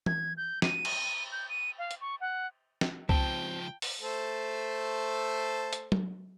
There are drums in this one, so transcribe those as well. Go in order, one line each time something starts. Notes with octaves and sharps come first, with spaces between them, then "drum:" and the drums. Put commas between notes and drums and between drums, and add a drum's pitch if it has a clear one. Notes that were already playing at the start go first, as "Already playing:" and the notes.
G#6, drum: tom E3
G6
D#7, drum: snare
drum: cymbal
G6
D#7
F5
drum: hi-hat
C#6
F#5
drum: snare
C#2 F3 C4 G5 A5, drum: kick C2
drum: open hi-hat
A3 A4 C5
drum: hi-hat
drum: tom F#3